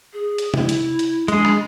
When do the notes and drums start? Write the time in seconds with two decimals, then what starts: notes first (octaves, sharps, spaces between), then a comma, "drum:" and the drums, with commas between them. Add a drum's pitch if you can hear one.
0.13 G#4
0.38 drum: hi-hat
0.54 E4, drum: tom
0.69 drum: hi-hat
0.99 drum: hi-hat
1.28 G#3 D4 G#4, drum: hi-hat
1.45 drum: rim click